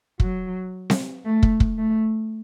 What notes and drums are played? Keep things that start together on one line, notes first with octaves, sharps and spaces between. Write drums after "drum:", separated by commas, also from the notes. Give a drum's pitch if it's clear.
F#3, drum: kick
drum: snare C4
A3
drum: kick
drum: kick
A3